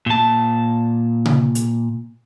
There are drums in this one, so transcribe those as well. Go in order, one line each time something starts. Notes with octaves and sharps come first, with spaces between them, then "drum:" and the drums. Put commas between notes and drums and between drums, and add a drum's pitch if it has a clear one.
A#2 A5
drum: tom C3
drum: hi-hat